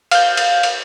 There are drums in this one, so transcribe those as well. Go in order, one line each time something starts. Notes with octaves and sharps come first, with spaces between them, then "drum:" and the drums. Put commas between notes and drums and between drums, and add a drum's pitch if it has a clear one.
F5 G6, drum: cymbal
drum: cymbal
drum: cymbal